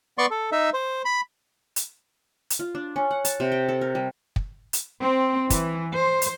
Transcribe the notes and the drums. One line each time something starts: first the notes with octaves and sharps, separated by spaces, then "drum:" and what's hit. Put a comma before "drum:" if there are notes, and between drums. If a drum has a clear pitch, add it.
B3 D5 C6 C#6
A4
D#4 E5
C5
B5
drum: hi-hat
drum: hi-hat
F4
D4
C#4
F#5
A5, drum: hi-hat
C3
G5
A4
A#4
G3
drum: kick
drum: hi-hat
C4
E3, drum: kick, hi-hat
C5
drum: hi-hat